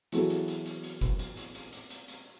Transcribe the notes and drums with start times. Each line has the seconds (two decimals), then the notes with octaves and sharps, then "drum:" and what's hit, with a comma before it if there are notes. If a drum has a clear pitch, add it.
0.12 E3 F#3 B3 F#4 G#4 A4, drum: hi-hat
0.30 drum: hi-hat
0.48 drum: hi-hat
0.66 drum: hi-hat
0.84 drum: hi-hat
1.01 drum: kick, hi-hat
1.19 drum: hi-hat
1.37 drum: hi-hat
1.55 drum: hi-hat
1.73 drum: hi-hat
1.90 drum: hi-hat
2.08 drum: hi-hat